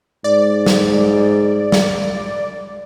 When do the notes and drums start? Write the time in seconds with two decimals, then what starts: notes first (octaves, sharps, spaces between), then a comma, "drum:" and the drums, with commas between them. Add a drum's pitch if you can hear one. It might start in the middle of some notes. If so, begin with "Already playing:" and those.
0.24 G#2 D5
0.66 drum: snare
1.72 drum: snare